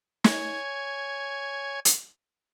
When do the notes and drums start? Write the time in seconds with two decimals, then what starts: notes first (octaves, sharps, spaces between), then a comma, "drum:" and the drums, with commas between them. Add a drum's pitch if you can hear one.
0.24 C#5 G#5, drum: snare
1.85 drum: hi-hat